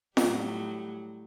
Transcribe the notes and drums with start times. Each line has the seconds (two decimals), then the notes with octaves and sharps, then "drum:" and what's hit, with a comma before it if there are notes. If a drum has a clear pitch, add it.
0.17 A2 F#3 G3, drum: snare F4